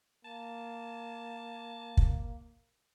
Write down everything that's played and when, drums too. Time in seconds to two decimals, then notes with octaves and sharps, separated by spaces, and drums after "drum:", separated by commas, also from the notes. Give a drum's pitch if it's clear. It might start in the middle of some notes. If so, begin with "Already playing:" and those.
0.25 A#3 A5
1.97 drum: kick